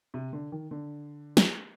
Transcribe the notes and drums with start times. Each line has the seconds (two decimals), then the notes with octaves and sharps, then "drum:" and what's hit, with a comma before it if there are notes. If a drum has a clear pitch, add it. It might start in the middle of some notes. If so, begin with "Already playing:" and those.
0.14 C3
0.33 D3
0.52 D#3
0.71 D3
1.37 drum: snare